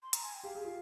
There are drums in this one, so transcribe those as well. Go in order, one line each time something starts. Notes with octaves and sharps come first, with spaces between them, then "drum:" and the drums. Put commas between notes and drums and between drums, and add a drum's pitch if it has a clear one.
C6
A#5, drum: hi-hat
G#5
G5
G4 F5
G#4
F4